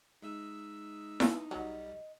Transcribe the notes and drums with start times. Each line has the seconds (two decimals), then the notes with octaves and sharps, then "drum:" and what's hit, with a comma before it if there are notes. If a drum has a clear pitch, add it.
0.22 G#3 D#4 E5 E6
1.20 drum: snare E4
1.51 B1 F#3 G3 D#5